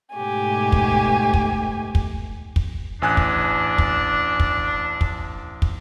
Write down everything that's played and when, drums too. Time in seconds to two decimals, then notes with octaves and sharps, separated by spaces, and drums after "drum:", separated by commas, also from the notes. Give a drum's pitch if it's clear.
0.14 G#2 B2 A3 G4 G#5
0.72 drum: kick
1.34 drum: kick
1.95 drum: kick
2.56 drum: kick
3.02 A1 D4 G#5 F#6
3.17 drum: kick
3.78 drum: kick
4.40 drum: kick
5.01 drum: kick
5.62 drum: kick